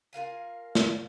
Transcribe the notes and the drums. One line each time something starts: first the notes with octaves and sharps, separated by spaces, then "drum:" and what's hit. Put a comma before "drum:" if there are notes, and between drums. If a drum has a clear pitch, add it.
F4 A#4 F5 G#5
drum: snare